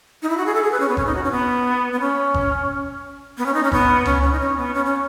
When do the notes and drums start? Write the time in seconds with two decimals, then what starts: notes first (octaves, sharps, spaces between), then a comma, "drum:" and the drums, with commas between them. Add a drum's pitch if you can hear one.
0.22 D#4
0.29 E4
0.37 F#4
0.46 G#4
0.54 A4
0.63 G#4
0.71 B4
0.80 C#4
0.88 B3
0.97 C#4, drum: kick G1
1.06 D#4
1.15 F#4
1.23 C#4
1.31 B3
1.93 B3
2.00 C#4
2.34 drum: kick G1
3.38 B3
3.46 C#4
3.54 D#4
3.63 C#4
3.72 B3, drum: kick G1
4.05 C#4, drum: tom C#2
4.22 C#4
4.32 D#4
4.40 C#4
4.57 B3
4.74 C#4
4.85 C#4